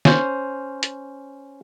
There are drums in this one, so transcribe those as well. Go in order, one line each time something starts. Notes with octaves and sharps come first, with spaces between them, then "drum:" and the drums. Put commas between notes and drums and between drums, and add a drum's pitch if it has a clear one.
C#4 C5, drum: snare
drum: hi-hat